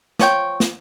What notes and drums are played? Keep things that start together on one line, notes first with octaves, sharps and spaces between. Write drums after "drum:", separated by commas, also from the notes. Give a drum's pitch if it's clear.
F3 C#5 G5, drum: snare
drum: snare